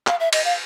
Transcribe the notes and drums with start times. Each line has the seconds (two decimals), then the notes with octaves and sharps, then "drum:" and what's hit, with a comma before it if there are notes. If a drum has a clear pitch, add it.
0.07 F5, drum: clap
0.20 E5
0.33 D#5, drum: cymbal
0.45 F5